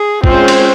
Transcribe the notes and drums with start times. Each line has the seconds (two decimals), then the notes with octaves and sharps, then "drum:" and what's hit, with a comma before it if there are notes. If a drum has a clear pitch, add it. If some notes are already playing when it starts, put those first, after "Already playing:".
Already playing: G#4
0.24 G#3 C4 C#4 F4 C5, drum: kick
0.48 drum: cymbal